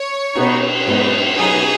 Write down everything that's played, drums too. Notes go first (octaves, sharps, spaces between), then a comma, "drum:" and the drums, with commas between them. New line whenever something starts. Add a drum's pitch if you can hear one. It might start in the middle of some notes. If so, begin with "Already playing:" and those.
Already playing: C#5
B2 B3 D#4, drum: cymbal
G#2 F#3 B3 D#4, drum: cymbal
B2 F#3 B3 D#4 G#4